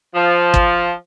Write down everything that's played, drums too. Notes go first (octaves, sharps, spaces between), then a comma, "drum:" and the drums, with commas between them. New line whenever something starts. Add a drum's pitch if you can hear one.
F3
drum: kick